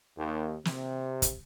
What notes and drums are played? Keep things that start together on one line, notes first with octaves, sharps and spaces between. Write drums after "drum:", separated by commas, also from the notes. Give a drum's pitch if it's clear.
D#2
C3, drum: snare
drum: kick, hi-hat